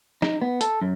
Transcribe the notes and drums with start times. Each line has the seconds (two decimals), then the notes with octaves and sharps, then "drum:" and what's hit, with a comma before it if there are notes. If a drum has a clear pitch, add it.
0.22 D#4, drum: snare
0.42 B3
0.61 A4, drum: hi-hat
0.82 F#2